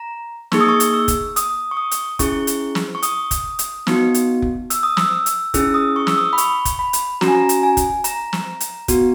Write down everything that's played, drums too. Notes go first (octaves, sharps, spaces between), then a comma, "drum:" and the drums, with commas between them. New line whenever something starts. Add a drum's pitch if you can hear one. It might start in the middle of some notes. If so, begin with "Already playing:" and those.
Already playing: A#5
A#3 D#4 G#4 C#6, drum: snare
D#6
C#6
drum: hi-hat
E6
drum: kick F1, hi-hat
D#6, drum: hi-hat
C#6
D#6
drum: hi-hat
C#4 E4 G#4 C#6, drum: kick F1, hi-hat
drum: hi-hat
drum: snare
C#6
D#6, drum: hi-hat
drum: kick F1, hi-hat
drum: hi-hat
B3 D#4 F#4, drum: snare
drum: hi-hat
drum: kick F1
E6, drum: hi-hat
D#6
E6, drum: snare
E6
drum: hi-hat
C#4 E4 G#4 E6, drum: kick F1, hi-hat
D#6
C#6
E6, drum: snare
D#6
B5
C#6, drum: hi-hat
drum: kick F1, hi-hat
B5
drum: hi-hat
C#4 F#4 A#5, drum: snare
G#5
A#5
drum: hi-hat
G#5
drum: kick F1, hi-hat
A#5, drum: hi-hat
drum: snare
drum: hi-hat
B3 F#4, drum: kick F1, hi-hat